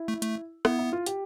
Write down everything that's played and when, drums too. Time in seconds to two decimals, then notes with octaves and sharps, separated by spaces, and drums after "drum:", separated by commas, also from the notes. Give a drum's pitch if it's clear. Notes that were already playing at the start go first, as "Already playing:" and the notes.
Already playing: E4
0.08 A3
0.22 A3, drum: hi-hat
0.65 B3 E4, drum: rim click
0.79 E4
0.93 F4
1.06 G4, drum: hi-hat